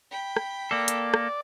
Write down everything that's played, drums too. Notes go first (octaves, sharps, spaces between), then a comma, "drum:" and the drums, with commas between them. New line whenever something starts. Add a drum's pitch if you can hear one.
G5 B5
drum: rim click
A#3 A4 D5
drum: hi-hat
drum: rim click